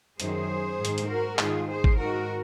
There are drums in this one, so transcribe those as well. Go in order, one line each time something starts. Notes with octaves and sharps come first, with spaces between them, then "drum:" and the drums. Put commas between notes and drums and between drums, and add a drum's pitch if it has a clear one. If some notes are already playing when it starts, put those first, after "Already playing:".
F#2 D#3 G#4 C5, drum: hi-hat
G#2
D#3, drum: hi-hat
drum: hi-hat
F#4 A#4
G#2 D#3 F4 G#4, drum: clap
G#4 C5
drum: kick G#1
G#2 D#3 F#4 A#4